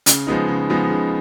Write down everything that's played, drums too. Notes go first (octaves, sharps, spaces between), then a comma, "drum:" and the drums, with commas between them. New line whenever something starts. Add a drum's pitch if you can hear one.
C#3, drum: hi-hat
F3 G#3 B3 D#4
C#3
F3 G#3 B3 D#4
C#3